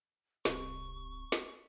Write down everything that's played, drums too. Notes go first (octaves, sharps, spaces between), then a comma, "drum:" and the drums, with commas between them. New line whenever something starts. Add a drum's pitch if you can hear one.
D1 C2 C3 C#6, drum: snare
drum: snare